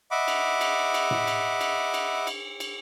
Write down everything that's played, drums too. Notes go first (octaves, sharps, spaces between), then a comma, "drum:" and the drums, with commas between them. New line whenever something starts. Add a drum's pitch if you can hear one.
D#5 E5 F#5 B5 D6
drum: cymbal
drum: cymbal
drum: cymbal
drum: tom A2
drum: cymbal
drum: cymbal
drum: cymbal
drum: cymbal
drum: cymbal